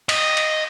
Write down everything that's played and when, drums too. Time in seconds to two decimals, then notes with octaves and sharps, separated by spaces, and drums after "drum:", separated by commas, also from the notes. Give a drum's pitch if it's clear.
0.09 D#5, drum: cymbal
0.37 drum: cymbal